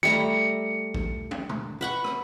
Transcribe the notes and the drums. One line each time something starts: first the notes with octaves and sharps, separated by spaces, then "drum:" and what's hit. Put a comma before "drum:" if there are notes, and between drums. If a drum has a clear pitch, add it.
G3 A3 A#5 C#7
drum: kick
drum: tom
drum: tom B2
B4 F#5 C#6
drum: rim click